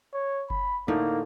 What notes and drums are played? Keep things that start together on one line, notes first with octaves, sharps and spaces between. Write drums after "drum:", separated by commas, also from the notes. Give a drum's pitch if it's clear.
C#5
B5, drum: kick F#1
A2 D3 A#3 D#4